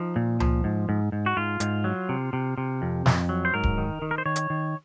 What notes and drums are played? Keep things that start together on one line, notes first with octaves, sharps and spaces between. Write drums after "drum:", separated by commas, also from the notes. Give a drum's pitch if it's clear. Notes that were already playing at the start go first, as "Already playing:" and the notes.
Already playing: F3 D#4
A#2
F3, drum: tom C#2
G#2
G#2
G#2
F#4
G#2 F4
G#2, drum: hi-hat
F#3
C3
C3
C3
F2
F2, drum: snare
F#3
C5
G#2 A#4
drum: kick D1
D#3
D#3
A#4
C5
D#3 C#5
drum: hi-hat
D#3